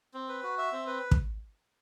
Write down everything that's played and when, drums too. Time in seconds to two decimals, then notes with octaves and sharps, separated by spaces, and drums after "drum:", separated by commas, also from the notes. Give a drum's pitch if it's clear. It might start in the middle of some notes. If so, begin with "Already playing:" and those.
0.14 C4
0.29 B4
0.43 F#4
0.58 E5
0.72 C4
0.87 B4
1.11 drum: kick